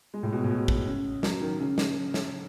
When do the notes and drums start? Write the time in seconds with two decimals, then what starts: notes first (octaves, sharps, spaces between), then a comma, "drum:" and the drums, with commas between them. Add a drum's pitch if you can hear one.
0.14 G#3
0.23 A2
0.32 B2
0.44 A2
0.50 B2
0.68 drum: kick
0.87 C#3
1.23 F#3, drum: snare
1.42 D#3
1.60 C#3
1.78 drum: snare
2.14 drum: snare